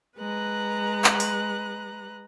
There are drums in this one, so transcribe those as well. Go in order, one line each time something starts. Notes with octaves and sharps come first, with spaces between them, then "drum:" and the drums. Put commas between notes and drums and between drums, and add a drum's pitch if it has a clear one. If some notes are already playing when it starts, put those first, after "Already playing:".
G#3 B4 A#5 F#6
drum: clap
drum: open hi-hat